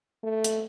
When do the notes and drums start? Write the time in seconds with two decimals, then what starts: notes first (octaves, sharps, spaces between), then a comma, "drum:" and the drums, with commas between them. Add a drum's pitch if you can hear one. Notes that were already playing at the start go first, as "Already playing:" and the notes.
0.24 A3
0.44 drum: hi-hat